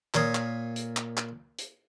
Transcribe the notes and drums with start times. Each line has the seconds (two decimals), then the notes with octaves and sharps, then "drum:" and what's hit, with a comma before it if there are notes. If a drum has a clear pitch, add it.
0.14 A#2 C#5 F5 D#6, drum: clap
0.35 drum: clap
0.76 drum: hi-hat
0.97 drum: clap
1.17 drum: clap
1.59 drum: hi-hat